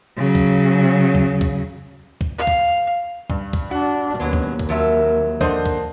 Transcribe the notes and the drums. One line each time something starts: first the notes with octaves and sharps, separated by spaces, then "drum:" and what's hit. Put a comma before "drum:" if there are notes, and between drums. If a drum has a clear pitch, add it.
C#3 F#3
drum: kick
drum: kick
drum: kick
drum: kick
F5
drum: kick
G2, drum: kick
drum: kick
D4 F#4
D#2 B2 F#3 G#3 B3 C#4 B4
drum: kick
drum: kick
F2 F#3 A#4 E5
D3 F3 A#4 C5 D#5, drum: kick
drum: kick